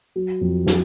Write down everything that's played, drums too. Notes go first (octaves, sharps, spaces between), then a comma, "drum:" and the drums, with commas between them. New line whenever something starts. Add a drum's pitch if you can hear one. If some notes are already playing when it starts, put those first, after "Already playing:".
F#3
F2
F#3, drum: snare